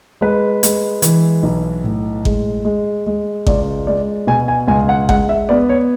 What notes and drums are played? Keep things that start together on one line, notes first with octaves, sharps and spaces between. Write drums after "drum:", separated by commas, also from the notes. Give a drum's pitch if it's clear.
G#3 B4
G#3, drum: hi-hat
E3, drum: hi-hat
B1
A2
G#3, drum: kick G#1
G#3
G#3
C#2 D5, drum: kick G#1
G#3 D5
B2 G#5
G#5
C#2 G#5
F#5
G#3 F#5, drum: kick G#1
E5
B3 D5
C#5